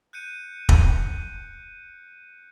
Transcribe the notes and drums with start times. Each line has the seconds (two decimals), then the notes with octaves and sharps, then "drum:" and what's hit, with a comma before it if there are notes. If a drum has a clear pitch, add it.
0.13 F#6 G6 C#7 D#7
0.69 drum: kick